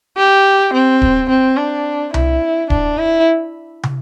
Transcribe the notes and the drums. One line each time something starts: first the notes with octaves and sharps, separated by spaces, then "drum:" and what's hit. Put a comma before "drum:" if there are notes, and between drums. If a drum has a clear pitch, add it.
G4
C4
drum: kick D1
C4
D4
E4, drum: tom C2
D4, drum: kick D1
E4
drum: tom